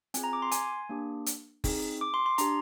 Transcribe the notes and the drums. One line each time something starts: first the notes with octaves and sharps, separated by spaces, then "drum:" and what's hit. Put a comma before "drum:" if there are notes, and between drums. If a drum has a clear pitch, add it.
C4 F4 G#4 G#5, drum: hi-hat
A#5
D6
C6
G#5, drum: hi-hat
A#3 D4 G4
drum: hi-hat
C4 D#4 G#4, drum: kick F#1, open hi-hat
D6
C6
C6
D4 G4 A#5, drum: hi-hat